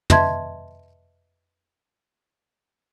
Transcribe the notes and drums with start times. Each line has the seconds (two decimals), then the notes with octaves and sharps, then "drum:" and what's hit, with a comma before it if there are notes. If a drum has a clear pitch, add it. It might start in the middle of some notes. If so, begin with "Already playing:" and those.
0.10 B4 D#5 E5 A5 C6 G#6, drum: tom